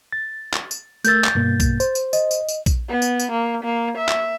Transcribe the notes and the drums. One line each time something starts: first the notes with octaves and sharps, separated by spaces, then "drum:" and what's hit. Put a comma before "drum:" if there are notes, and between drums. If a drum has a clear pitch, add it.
A6
drum: clap
drum: tambourine
A3 A#4 E6 G6 A6, drum: tambourine
drum: clap
G2 B2 A#3
drum: kick A#1, tambourine
C5, drum: tambourine
drum: tambourine
D#5, drum: tambourine
drum: tambourine
drum: tambourine
drum: kick A#1, tambourine
B3
drum: tambourine
drum: tambourine
A#3
A#3
E5
drum: clap